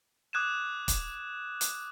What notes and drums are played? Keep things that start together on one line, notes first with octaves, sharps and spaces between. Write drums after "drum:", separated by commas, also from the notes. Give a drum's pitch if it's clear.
D6 D#6 F#6 G#6 D#7 E7
drum: kick, hi-hat
drum: hi-hat